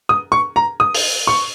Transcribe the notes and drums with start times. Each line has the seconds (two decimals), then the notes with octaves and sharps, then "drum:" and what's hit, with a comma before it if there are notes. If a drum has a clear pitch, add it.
0.09 D#6
0.32 C#6
0.56 A#5
0.80 D#6
0.95 drum: open hi-hat
1.27 C#6